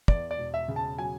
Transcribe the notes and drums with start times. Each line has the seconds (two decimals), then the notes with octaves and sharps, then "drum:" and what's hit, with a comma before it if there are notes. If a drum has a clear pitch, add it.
0.08 E2 D5, drum: kick
0.31 D5
0.38 E1
0.54 E5
0.68 C#3
0.76 A5
0.98 F#3 G#5